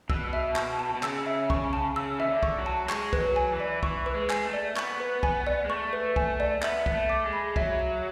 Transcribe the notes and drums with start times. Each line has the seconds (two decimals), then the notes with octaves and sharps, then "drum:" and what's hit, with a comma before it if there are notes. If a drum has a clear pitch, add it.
0.10 B2 E6, drum: kick B1
0.33 E5
0.56 C#6, drum: clap
0.79 A5
0.94 B2
1.03 C#3 E6, drum: clap
1.26 E5
1.50 C#6, drum: kick B1
1.73 A5
1.96 C#3 E6
2.19 E3 E5
2.27 D3
2.43 C#6, drum: kick B1
2.58 F#3
2.66 A5
2.89 G#3 C#6, drum: clap
3.13 B4, drum: kick B1
3.21 F#3
3.36 G#5
3.52 E3
3.60 D5
3.83 E3 C#6, drum: kick B1
4.06 B4
4.15 G#3
4.30 G#5, drum: clap
4.45 A3
4.53 D5
4.76 B3 C#6, drum: clap
5.00 B4
5.23 G#5, drum: kick B1
5.47 D5
5.65 G#3
5.69 A3 C#6
5.93 B4
6.16 G#5, drum: kick B1
6.40 D5
6.62 B3 E5, drum: clap
6.86 E5, drum: kick B1
6.94 A3
7.09 D6
7.25 G#3
7.33 B5
7.56 F#3 E5, drum: kick B1
7.79 E5